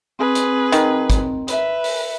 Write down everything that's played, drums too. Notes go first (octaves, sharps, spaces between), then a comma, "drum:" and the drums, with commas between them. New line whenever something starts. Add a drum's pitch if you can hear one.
C4 G#4 B4
drum: hi-hat
D#3, drum: hi-hat
drum: kick, hi-hat
B4 E5, drum: hi-hat
drum: open hi-hat